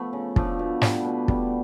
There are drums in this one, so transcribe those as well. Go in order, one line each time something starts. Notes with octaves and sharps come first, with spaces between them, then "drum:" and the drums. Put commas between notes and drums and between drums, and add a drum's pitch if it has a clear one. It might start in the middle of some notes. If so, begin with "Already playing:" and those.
Already playing: F3 A3 B3
C#3
F3 A3 D4, drum: kick
B2
G3 B3, drum: snare
B2
G3 B3, drum: kick